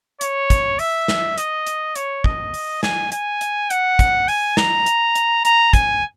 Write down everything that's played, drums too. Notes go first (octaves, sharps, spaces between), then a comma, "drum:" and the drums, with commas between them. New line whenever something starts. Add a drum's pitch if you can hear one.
C#5, drum: hi-hat
drum: kick, hi-hat
E5, drum: open hi-hat
drum: snare
D#5, drum: hi-hat
drum: hi-hat
C#5, drum: hi-hat
D#5, drum: kick
drum: open hi-hat
G#5, drum: snare
G#5, drum: hi-hat
drum: hi-hat
F#5, drum: hi-hat
drum: kick, hi-hat
G#5, drum: open hi-hat
A#5, drum: snare
drum: hi-hat
drum: hi-hat
A#5, drum: hi-hat
G#5, drum: kick, hi-hat